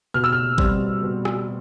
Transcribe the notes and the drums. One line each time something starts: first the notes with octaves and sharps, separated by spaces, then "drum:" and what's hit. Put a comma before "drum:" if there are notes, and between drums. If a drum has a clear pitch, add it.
B2 F6
E6
F6
G3 C4, drum: kick G#1
B2
drum: rim click